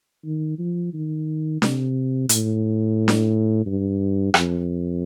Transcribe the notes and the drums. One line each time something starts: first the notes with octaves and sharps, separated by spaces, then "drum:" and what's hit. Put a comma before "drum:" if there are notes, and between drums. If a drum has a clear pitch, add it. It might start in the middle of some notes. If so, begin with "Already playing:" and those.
D#3
F3
D#3
C3, drum: snare D4
A2, drum: hi-hat
drum: snare D4
G2
F2, drum: rim click